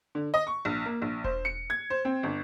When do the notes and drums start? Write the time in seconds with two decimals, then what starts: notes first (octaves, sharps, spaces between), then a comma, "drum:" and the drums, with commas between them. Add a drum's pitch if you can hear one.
0.15 D3
0.34 D#5
0.47 C#6
0.65 A#1
0.85 A#3
1.02 A#1
1.24 C5, drum: kick E1
1.45 C#7
1.70 G#6
1.90 C5
2.05 C4
2.23 G1